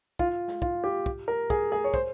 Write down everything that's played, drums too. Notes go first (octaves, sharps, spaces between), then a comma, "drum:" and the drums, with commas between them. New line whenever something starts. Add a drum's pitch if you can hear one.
F4, drum: kick
drum: snare
F4, drum: kick
G4
drum: kick
A#4
G#4, drum: kick
G#4
C#5
C5, drum: kick